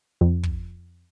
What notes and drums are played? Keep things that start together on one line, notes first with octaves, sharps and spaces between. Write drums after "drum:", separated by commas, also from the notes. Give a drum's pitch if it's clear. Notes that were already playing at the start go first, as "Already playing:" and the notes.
F2
drum: kick